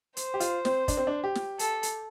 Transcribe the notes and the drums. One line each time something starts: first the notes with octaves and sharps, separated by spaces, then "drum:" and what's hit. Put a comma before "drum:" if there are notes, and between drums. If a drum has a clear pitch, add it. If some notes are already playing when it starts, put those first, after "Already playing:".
C5, drum: hi-hat
G4
F4, drum: hi-hat
C4, drum: snare
D4, drum: kick, hi-hat
C4
D4
G4
drum: snare
A4, drum: hi-hat
drum: hi-hat